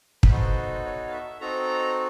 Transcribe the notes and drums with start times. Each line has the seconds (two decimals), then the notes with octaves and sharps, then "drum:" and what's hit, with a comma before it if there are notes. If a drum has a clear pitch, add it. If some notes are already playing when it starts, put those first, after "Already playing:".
0.23 B4, drum: kick
0.29 B3 D#4 F#4 A4 C5
0.85 C#5
1.08 F5
1.13 E5
1.40 C4 D#4 F#4 A4 A#5